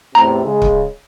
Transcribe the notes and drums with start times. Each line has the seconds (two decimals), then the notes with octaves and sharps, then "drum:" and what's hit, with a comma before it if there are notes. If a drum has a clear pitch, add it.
0.15 E2 A2 C3 A#5
0.45 C#3 G#3
0.62 drum: kick